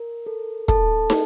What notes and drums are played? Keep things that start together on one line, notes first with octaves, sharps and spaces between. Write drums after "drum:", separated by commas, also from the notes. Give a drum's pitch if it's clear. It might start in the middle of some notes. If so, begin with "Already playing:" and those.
Already playing: A#4
A4
C#4 A4 A5, drum: kick
G#4, drum: snare